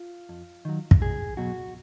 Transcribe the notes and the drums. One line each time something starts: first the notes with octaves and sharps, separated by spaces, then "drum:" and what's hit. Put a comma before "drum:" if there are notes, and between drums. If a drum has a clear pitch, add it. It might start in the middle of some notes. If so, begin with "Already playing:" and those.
Already playing: F4
F2
D#3 F#3
drum: kick
B1 G#4
B2 F#3 F#4